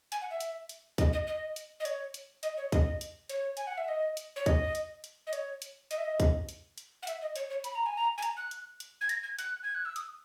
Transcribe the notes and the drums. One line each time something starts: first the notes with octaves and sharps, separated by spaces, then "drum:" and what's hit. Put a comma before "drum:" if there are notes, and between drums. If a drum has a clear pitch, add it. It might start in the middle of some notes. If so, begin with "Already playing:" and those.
G#5, drum: hi-hat
F#5
E5
drum: hi-hat
drum: hi-hat
D#5, drum: kick, hi-hat
D#5
D#5
drum: hi-hat
D#5
C#5, drum: hi-hat
drum: hi-hat
D#5, drum: hi-hat
C#5
D#5, drum: kick, hi-hat
drum: hi-hat
C#5, drum: hi-hat
G#5, drum: hi-hat
F#5
E5
D#5
drum: hi-hat
C#5
D#5, drum: kick, hi-hat
drum: hi-hat
drum: hi-hat
D#5
C#5, drum: hi-hat
drum: hi-hat
D#5, drum: hi-hat
E5
D#5
drum: kick, hi-hat
drum: hi-hat
drum: hi-hat
F#5
E5, drum: hi-hat
D#5
C#5, drum: hi-hat
C#5
B5, drum: hi-hat
A#5
G#5
A#5
G#5
A#5, drum: hi-hat
F#6
drum: hi-hat
drum: hi-hat
G#6
A#6, drum: hi-hat
G#6
F#6, drum: hi-hat
G#6
F#6
E6
D#6, drum: hi-hat